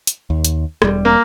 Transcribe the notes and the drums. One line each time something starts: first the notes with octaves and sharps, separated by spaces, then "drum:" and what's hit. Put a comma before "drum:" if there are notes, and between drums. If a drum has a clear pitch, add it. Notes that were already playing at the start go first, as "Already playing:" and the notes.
drum: hi-hat
D#2
drum: hi-hat
E1 G3, drum: rim click
A#3